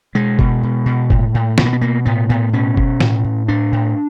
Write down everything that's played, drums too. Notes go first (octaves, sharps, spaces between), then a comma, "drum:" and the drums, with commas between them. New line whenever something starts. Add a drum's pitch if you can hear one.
B2 G#3
B2, drum: kick F#1
B2
B2
A2, drum: kick F#1
A2
B2 B3, drum: snare
A#3
B3
B2 A#3
A2 B3
A2 B3
B2 C#4
B2, drum: kick F#1
A2, drum: snare
A2
A2 D4
A2